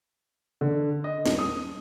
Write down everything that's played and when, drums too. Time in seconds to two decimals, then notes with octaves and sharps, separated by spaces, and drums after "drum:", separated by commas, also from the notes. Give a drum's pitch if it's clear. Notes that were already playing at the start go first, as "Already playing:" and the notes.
0.61 D3
1.04 D#5
1.26 D#1, drum: snare
1.39 D#6